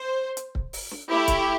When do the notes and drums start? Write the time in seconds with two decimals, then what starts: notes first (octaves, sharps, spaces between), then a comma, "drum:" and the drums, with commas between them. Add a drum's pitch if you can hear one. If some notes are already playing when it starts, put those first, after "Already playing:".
Already playing: C5
0.37 drum: hi-hat
0.55 drum: kick C#1
0.73 drum: open hi-hat
0.91 drum: snare
1.09 A3 E4 G4
1.28 drum: kick C#1, hi-hat